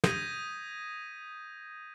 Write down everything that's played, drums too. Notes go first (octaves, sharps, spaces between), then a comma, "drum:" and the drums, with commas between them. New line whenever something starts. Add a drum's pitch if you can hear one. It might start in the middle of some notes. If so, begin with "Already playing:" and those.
D#6 G6 G#6 A#6 B6 D#7, drum: snare